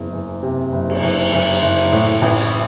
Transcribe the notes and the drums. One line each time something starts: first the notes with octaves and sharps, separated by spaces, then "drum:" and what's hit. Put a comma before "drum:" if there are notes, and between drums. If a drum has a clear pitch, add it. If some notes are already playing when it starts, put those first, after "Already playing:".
Already playing: F#1 E2
F#1
C3
F#1
drum: cymbal
F#1
F#1
drum: hi-hat
F#1
A2
A1
drum: hi-hat